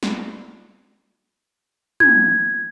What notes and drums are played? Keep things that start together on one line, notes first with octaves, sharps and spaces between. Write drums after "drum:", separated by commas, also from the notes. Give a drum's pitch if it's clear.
drum: snare
G#6, drum: tom